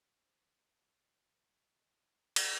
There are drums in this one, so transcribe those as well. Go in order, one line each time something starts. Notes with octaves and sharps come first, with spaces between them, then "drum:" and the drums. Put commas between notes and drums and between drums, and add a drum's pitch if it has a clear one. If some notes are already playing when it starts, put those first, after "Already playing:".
C5
A5
D#5
drum: cymbal